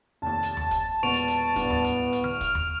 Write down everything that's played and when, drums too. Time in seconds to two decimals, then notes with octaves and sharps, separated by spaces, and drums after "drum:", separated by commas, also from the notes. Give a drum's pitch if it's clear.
0.22 F1 D#2 A5
0.43 drum: hi-hat
0.57 drum: tom D#2
0.71 drum: kick, hi-hat
1.03 E1 A#2 B3 C#6 D7 F7
1.13 drum: hi-hat
1.28 drum: hi-hat
1.56 D1 G2 B3 D4, drum: kick, hi-hat
1.70 drum: tom D#2
1.84 drum: hi-hat
2.12 drum: hi-hat
2.24 F6, drum: tom D3
2.41 drum: kick, hi-hat
2.55 drum: tom D#2